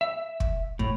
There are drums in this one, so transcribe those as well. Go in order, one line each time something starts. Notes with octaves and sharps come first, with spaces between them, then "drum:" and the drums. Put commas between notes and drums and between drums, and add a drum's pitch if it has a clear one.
E5
drum: kick
A2, drum: kick